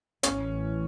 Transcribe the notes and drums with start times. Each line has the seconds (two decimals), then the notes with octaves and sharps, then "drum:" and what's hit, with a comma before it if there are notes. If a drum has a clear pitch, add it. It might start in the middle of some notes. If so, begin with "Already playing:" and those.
0.23 A1 A2 E3 C#4, drum: hi-hat